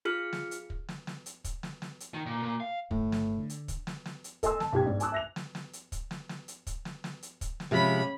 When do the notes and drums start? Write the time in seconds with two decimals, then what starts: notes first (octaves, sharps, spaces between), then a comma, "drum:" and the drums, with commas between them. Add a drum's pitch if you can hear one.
0.05 F4 G#4 F6 C#7
0.33 drum: snare
0.51 drum: hi-hat
0.70 drum: kick
0.89 drum: snare
1.07 drum: snare
1.26 drum: hi-hat
1.44 drum: kick, hi-hat
1.63 drum: snare
1.82 drum: snare
2.00 drum: hi-hat
2.14 D#3
2.26 A#2
2.43 A#2
2.60 F5
2.91 G1 A2, drum: kick
3.12 drum: snare
3.38 D3
3.50 drum: hi-hat
3.68 drum: kick, hi-hat
3.87 drum: snare
4.06 drum: snare
4.24 drum: hi-hat
4.43 A4 D#5 G#5 C6 E6, drum: kick, hi-hat
4.60 A5, drum: snare
4.73 B1 G4 G#6
4.86 G#2 D4
5.00 G#5 A5 D6 E6 F#6, drum: hi-hat
5.12 E5 A#6 F7
5.36 drum: snare
5.55 drum: snare
5.73 drum: hi-hat
5.92 drum: kick, hi-hat
6.11 drum: snare
6.29 drum: snare
6.48 drum: hi-hat
6.67 drum: kick, hi-hat
6.85 drum: snare
7.04 drum: snare
7.23 drum: hi-hat
7.41 drum: kick, hi-hat
7.60 drum: snare
7.71 C3 F3 G#3 C#4 B5